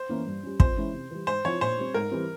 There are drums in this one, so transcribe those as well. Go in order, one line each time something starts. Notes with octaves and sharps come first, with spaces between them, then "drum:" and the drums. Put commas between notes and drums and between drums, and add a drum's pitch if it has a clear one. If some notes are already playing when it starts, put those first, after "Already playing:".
Already playing: C5
E3 A#3 C#4 E4
G2
G3 C#4
F2 C5, drum: kick
E3 G#3 C#4 E4
C3
E3 G3
G#2 C5
F3 C4 E4 C#5
A#2 C5
G3 C4
G#2 A#4
E3 G3 C4